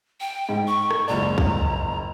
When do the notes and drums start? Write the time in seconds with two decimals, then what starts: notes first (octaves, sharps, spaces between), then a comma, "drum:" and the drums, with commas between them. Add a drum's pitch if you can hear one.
0.21 G5
0.49 G#2
0.67 C#6
0.91 drum: rim click
1.08 F#1 C#2 D5 A#5
1.38 drum: kick B1